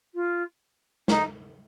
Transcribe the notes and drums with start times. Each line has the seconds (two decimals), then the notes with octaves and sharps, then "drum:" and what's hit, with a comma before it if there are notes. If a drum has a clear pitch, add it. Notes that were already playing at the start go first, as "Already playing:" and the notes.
0.14 F4
1.08 D#4, drum: snare